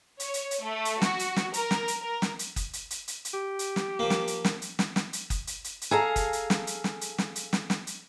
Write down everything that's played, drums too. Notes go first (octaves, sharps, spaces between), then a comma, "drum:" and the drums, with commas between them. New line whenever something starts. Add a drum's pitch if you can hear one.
C#5, drum: hi-hat
drum: hi-hat
drum: hi-hat
A3
drum: hi-hat
F#4, drum: snare
drum: hi-hat
drum: snare
A#4, drum: hi-hat
drum: snare
drum: hi-hat
A#4
drum: snare
drum: hi-hat
drum: kick F#1, hi-hat
drum: hi-hat
drum: hi-hat
drum: hi-hat
drum: hi-hat
G4
drum: hi-hat
drum: snare
F3 A#3
drum: snare
drum: hi-hat
drum: snare
drum: hi-hat
drum: snare
drum: snare
drum: hi-hat
drum: kick F#1, hi-hat
drum: hi-hat
drum: hi-hat
drum: hi-hat
G#4 A4 F5 A#5
drum: kick F#1, hi-hat
drum: hi-hat
drum: snare
drum: hi-hat
drum: snare
drum: hi-hat
drum: snare
drum: hi-hat
drum: snare
drum: snare
drum: hi-hat